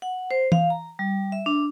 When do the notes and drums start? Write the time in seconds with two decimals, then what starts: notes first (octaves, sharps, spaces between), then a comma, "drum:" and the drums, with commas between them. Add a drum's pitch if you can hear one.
0.02 F#5
0.31 C5
0.52 F5, drum: tom E3
0.70 A#5
0.99 G3
1.32 E5
1.46 D4